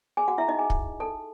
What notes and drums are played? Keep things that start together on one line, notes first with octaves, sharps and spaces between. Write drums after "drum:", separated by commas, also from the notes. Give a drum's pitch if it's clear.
G#4 G#5
F#4 F#5
E4 E5
D#4 D#5
G#4 G#5
drum: kick
A4 A5